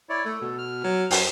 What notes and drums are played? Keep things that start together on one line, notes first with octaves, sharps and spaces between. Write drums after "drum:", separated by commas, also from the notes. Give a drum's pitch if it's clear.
E4 C#5 D5
A3 A4
B2
F6
F#3
F#2, drum: open hi-hat